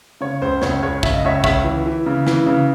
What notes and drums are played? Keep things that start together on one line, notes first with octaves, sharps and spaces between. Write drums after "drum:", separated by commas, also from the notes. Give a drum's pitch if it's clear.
C#3 C#5
C#2 C5
C#2 C#5, drum: snare
C#2 C#5
C#3 E5, drum: kick
D#5
C#2 C#5 E5
C#2 C#5 E5, drum: kick
E3
E3
C#3
E3, drum: snare
C#3